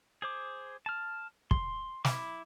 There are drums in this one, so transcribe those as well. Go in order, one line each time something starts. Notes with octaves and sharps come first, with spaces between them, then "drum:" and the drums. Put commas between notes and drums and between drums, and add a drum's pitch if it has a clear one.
G#4 C5 D6
A5 F6
C6, drum: kick
E4 B5 D6, drum: snare